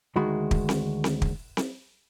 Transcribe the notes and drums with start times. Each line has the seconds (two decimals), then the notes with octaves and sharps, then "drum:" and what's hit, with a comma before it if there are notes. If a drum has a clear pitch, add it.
0.16 D2 D#3 G#3 F#4 B5
0.51 drum: kick
0.69 drum: snare C4
1.04 drum: snare C4
1.22 drum: kick
1.57 drum: snare C4